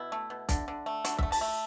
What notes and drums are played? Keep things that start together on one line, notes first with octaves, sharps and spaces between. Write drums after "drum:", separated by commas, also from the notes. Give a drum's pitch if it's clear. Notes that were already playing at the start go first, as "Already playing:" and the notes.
Already playing: B2 E4
A3
B2
D3, drum: kick B1, hi-hat
D3
A3
D3 F#4, drum: hi-hat
E5, drum: kick B1
A3
A5, drum: open hi-hat
A3